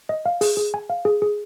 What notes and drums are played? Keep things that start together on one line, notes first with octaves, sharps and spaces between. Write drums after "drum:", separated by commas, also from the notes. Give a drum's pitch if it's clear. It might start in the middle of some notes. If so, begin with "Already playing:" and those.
D#5
F5
G#4, drum: open hi-hat
G#4
G#5
F5
G#4
G#4